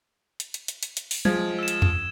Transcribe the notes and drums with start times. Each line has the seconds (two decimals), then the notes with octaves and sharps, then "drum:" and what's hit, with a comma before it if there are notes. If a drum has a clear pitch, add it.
0.40 drum: hi-hat
0.54 drum: hi-hat
0.68 drum: hi-hat
0.83 drum: hi-hat
0.97 drum: hi-hat
1.11 drum: open hi-hat
1.25 F3 G#3 G#6, drum: tom
1.59 E6 E7
1.68 drum: hi-hat
1.82 drum: tom E2